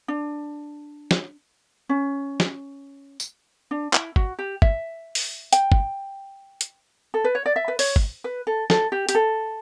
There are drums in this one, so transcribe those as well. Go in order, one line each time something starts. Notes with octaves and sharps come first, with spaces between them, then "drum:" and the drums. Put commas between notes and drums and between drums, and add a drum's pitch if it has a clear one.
D4
drum: snare
C#4
drum: snare
drum: tambourine
D4
E4, drum: clap
F#4, drum: kick
G4
E5, drum: kick
drum: open hi-hat
G5, drum: hi-hat
drum: kick
drum: hi-hat
A4
B4
C#5
D5
E5
B4
C#5, drum: open hi-hat
drum: kick
B4
A4
A4, drum: snare
G4
G4, drum: hi-hat
A4